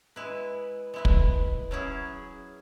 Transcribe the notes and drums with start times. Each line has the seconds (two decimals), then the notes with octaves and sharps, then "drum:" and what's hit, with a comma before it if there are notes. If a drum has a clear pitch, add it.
0.16 G#3 E4 B4
0.94 G#3 E4 B4
1.05 drum: kick
1.71 F#3 C#4 E4 G#4